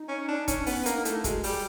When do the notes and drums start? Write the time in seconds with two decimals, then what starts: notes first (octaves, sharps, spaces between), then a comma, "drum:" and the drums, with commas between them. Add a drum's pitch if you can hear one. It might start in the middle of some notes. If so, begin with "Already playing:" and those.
Already playing: D#4
0.09 C#4
0.28 D4
0.48 C#4, drum: kick, hi-hat
0.66 B3, drum: open hi-hat
0.78 C#4
0.86 A#3 D4, drum: hi-hat
0.96 D#4
1.05 A3 E4, drum: hi-hat
1.24 G#3 F#4, drum: kick, hi-hat
1.43 G3 G4, drum: open hi-hat